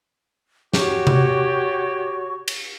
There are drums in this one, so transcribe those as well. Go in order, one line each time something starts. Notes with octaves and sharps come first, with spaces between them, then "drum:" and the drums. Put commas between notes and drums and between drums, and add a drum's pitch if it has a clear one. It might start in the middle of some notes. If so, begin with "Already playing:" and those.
F#4 G4 C#5 C#6, drum: snare
drum: tom C3
drum: cymbal